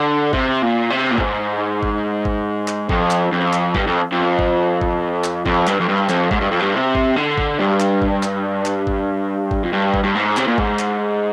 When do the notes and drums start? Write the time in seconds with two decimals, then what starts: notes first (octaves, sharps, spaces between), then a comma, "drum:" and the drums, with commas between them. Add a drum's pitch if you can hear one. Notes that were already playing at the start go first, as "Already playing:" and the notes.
Already playing: D3
0.33 C3, drum: kick G#1
0.62 A#2
0.90 C3
1.11 A#2
1.18 G#2, drum: kick G#1
1.83 drum: kick G#1
2.25 drum: kick G#1
2.68 drum: clap
2.89 F2, drum: kick G#1
3.11 drum: clap
3.32 F2
3.53 drum: clap
3.75 G2, drum: kick G#1
3.87 F2
4.12 F2
4.39 drum: kick G#1
4.81 drum: kick G#1
5.24 drum: clap
5.46 F2, drum: kick G#1
5.67 G2, drum: clap
5.80 F2
5.88 G2
6.09 F2, drum: clap
6.31 G#2, drum: kick G#1
6.41 G2
6.51 F2
6.61 G2
6.74 C3
6.95 drum: kick G#1
7.16 D3
7.38 drum: kick G#1
7.59 G2
7.80 drum: clap
8.02 drum: kick G#1
8.23 drum: clap
8.66 drum: clap
8.87 drum: kick G#1
9.51 drum: kick G#1
9.63 F2
9.73 G2
9.94 drum: kick G#1
10.03 G2
10.15 G#2
10.37 C3, drum: clap
10.47 A#2
10.58 G#2, drum: kick G#1
10.79 drum: clap